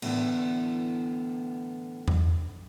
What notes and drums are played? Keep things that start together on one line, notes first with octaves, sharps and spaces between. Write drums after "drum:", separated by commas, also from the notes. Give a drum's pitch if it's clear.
A2 D3 E3 F#3 B3, drum: cymbal
drum: tom E2